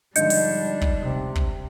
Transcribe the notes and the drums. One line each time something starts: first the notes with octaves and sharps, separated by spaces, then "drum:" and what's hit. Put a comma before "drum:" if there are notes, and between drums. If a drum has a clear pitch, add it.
G#2 D3 F3 G3 D4 D#5 G6 C#7, drum: hi-hat
drum: open hi-hat
drum: kick
C3
drum: kick